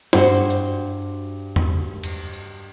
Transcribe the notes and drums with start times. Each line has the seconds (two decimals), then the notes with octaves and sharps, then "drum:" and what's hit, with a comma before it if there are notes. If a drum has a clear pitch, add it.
0.13 G2 G3 F#4 G#4 C5, drum: snare
0.50 drum: hi-hat
1.56 drum: tom E2
2.04 drum: cymbal
2.33 drum: tambourine